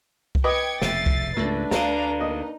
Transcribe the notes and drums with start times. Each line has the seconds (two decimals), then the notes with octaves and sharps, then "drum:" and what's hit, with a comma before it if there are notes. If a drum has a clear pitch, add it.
0.35 drum: kick C2
0.44 B4 D#5 G5 D6 G#6 C#7
0.82 F1 E2 B2 E5 A6 C7, drum: snare
1.06 drum: kick C2
1.37 C#2 G#2 A3 D4 B4
1.71 D2 D3 D5 F5 A#5, drum: snare
2.19 A#3 D#4 D#5